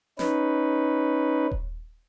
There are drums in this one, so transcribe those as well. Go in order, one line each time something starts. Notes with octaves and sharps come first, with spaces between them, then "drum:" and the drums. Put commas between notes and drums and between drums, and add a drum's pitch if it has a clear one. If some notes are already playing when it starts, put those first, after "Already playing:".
C#4 D#4 B4, drum: snare
drum: kick D#1